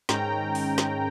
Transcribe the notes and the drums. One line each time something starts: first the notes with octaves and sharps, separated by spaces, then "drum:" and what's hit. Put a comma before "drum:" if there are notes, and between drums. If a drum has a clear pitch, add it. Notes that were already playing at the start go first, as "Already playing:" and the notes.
G#2 D#3 G#3 C#4 G5 A#5, drum: snare
drum: open hi-hat
drum: snare